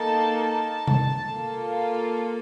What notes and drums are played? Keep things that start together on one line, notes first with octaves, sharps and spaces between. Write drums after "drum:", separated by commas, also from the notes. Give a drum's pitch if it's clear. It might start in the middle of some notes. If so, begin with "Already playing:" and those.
Already playing: A#3 D#4 A4 A5
A5
drum: tom C3
A#3 F4 A4
F5